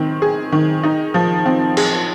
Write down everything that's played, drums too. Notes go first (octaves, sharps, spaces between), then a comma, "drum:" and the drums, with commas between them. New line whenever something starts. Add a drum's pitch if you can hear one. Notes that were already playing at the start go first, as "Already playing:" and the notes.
Already playing: D#3 C4
G#4
D#3
D#4
F3
C4
G#4, drum: cymbal